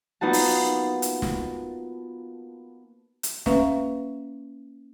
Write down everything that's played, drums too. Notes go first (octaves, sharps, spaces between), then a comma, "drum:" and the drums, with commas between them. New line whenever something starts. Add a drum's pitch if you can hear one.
A#3 B3 D#4 F4 F#4 A5
drum: open hi-hat
drum: hi-hat
drum: snare
drum: hi-hat
A#3 C#4 B4 E5 F5, drum: snare